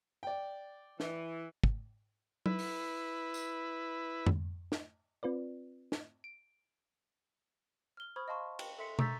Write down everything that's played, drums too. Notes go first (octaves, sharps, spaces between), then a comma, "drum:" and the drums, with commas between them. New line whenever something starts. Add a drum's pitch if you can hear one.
D5 G5
E3, drum: snare
drum: kick
E4 B4, drum: tom F#3
drum: open hi-hat
drum: tambourine
drum: tom F2
drum: snare
C4 F4 B4 D5
drum: snare
D7
F6 G7
C5 B5 C#6 D#6 F6 G#6
D#5 F5 A5 C6 C#6
G5, drum: cymbal
A4 E5 C6 B6 C#7
A#5 C#6 E6 G6 A6 B6, drum: tom